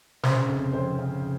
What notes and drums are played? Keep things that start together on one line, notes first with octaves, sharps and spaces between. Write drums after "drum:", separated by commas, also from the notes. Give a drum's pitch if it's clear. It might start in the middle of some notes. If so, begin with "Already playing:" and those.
C#3 C5, drum: snare
F1
F2 C5
C#3